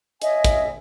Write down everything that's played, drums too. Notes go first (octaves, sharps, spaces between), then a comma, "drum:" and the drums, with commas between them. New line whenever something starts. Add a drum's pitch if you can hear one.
C#5 D#5 E5 G#5, drum: hi-hat
drum: kick, hi-hat